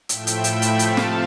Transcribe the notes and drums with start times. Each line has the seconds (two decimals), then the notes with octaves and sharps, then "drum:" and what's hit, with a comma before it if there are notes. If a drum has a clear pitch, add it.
0.09 A2 F3 A3 E5 G5, drum: hi-hat
0.27 drum: hi-hat
0.44 G5 B5, drum: hi-hat
0.62 drum: hi-hat
0.79 C3 F3 A3 F5 A5, drum: hi-hat
0.97 drum: snare